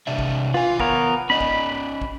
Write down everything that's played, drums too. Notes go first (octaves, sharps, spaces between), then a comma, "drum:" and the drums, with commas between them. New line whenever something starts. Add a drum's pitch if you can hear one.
C3 D4 E5
drum: kick
F4 B4 G#5
B3 A#4 C#5, drum: kick
C#4 D5 D#5 B5
drum: kick
drum: kick